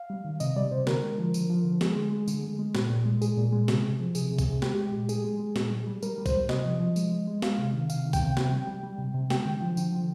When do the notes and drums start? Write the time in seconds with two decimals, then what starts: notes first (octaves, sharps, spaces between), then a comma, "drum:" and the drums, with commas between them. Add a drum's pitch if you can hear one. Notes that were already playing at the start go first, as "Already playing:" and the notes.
Already playing: F5
0.10 G3
0.25 D#3
0.40 C3 D#5, drum: tambourine
0.56 G3 D5
0.71 C3 C5
0.87 D3 A#4, drum: snare
1.03 G#3
1.18 F3
1.34 D3, drum: tambourine
1.50 F3
1.65 D3
1.81 G#3 G#4, drum: snare
1.96 G#3
2.12 G#3
2.28 D3, drum: tambourine
2.43 G#3
2.59 G#3
2.75 A#2, drum: snare
2.90 A#2
3.06 G#3
3.22 A#2 G#4, drum: tambourine
3.37 A#2
3.53 G#3
3.68 C3, drum: snare
3.84 C3
4.00 F3
4.15 C3 G#4, drum: tambourine
4.31 C3
4.39 G#4, drum: kick, tambourine
4.46 C3
4.62 G#3 G4, drum: snare
4.78 G#3
4.93 A#2
5.09 G#3 G#4, drum: tambourine
5.24 G#3
5.40 G#3
5.56 A#2, drum: snare
5.71 G3
5.87 G3
6.02 G3 A#4, drum: tambourine
6.18 G3
6.26 C5, drum: kick, tambourine
6.34 G3
6.49 C3 D#5, drum: snare
6.65 F3
6.80 F3
6.96 G#3, drum: tambourine
7.12 G#3
7.28 G#3
7.42 G#3 F5, drum: snare
7.59 C3
7.74 D#3
7.90 C3 F5, drum: tambourine
8.05 D#3
8.13 G5, drum: kick, tambourine
8.21 C3
8.37 C3 G5, drum: snare
8.52 G3
8.67 G3
8.83 G3
8.99 C3
9.15 C3
9.30 G#3 G5, drum: snare
9.46 D3
9.62 F3
9.77 D3, drum: tambourine
9.93 F3